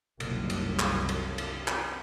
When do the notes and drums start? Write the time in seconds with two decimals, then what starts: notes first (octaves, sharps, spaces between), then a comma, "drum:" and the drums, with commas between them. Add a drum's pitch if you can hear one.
0.20 F#1 C2 D#3, drum: cymbal
0.50 drum: cymbal
0.79 drum: clap
1.09 drum: cymbal
1.38 drum: cymbal
1.68 drum: clap